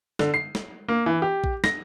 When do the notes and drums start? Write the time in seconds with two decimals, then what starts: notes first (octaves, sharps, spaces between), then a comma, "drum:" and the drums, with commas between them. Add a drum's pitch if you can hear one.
0.19 D3, drum: snare
0.34 C7
0.55 drum: snare
0.88 A#3
1.06 E3
1.22 G4
1.44 drum: kick A#1
1.64 A#6, drum: snare